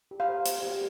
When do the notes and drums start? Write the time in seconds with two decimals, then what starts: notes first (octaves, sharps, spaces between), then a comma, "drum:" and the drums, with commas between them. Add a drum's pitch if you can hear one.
0.11 G4
0.20 F5
0.29 C5
0.46 C5, drum: hi-hat
0.63 G4